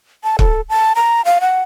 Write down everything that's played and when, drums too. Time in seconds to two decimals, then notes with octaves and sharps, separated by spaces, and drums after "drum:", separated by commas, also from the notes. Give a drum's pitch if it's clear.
0.24 A5
0.39 A4, drum: kick
0.69 A5
0.95 A#5
1.25 F5
1.41 F#5